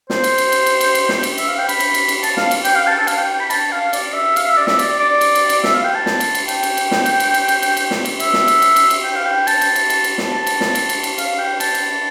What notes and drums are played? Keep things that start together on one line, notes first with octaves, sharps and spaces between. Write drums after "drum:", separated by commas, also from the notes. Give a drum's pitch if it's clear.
C5, drum: snare
drum: cymbal
drum: cymbal
drum: cymbal
drum: cymbal
drum: cymbal
drum: cymbal
drum: snare
drum: cymbal
E5, drum: cymbal
F5
G5
B5, drum: cymbal
drum: cymbal
drum: cymbal
drum: cymbal
A5, drum: cymbal
F5, drum: snare
drum: cymbal
G5, drum: cymbal
F5
A5
A5
F5, drum: cymbal
G5
G5
B5
A5, drum: cymbal
F5
D5, drum: cymbal
E5
F5, drum: cymbal
E5
D5
E5, drum: snare
D5, drum: cymbal
D5
drum: cymbal
drum: cymbal
drum: cymbal
E5, drum: snare
F5
G5
A5
drum: snare
drum: cymbal
drum: cymbal
G5, drum: cymbal
drum: cymbal
drum: cymbal
drum: snare
drum: cymbal
drum: cymbal
drum: cymbal
drum: cymbal
drum: cymbal
drum: cymbal
drum: snare
drum: cymbal
E5, drum: cymbal
drum: snare
drum: cymbal
drum: cymbal
drum: cymbal
drum: cymbal
G5
F5
G5
A5, drum: cymbal
drum: cymbal
drum: cymbal
drum: cymbal
drum: cymbal
drum: snare
A5
drum: cymbal
drum: snare
drum: cymbal
drum: cymbal
drum: cymbal
F5, drum: cymbal
G5
A5, drum: cymbal
drum: cymbal